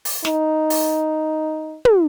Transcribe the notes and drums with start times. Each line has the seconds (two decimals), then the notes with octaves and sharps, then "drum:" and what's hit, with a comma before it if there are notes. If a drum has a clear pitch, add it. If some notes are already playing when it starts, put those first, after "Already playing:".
0.05 drum: open hi-hat
0.25 D#4, drum: snare
0.70 drum: open hi-hat
1.85 drum: tom